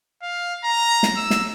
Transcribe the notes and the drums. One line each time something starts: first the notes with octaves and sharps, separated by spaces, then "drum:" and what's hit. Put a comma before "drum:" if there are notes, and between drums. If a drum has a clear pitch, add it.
F5
A#5
drum: snare
E6
drum: snare